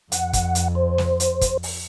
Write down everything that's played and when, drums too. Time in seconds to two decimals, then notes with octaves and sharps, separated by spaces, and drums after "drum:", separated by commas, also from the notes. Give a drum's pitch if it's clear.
0.12 F2 F#5, drum: hi-hat
0.33 drum: kick, hi-hat
0.55 drum: hi-hat
0.75 C5
0.98 drum: snare
1.20 drum: hi-hat
1.41 drum: kick, hi-hat
1.63 drum: open hi-hat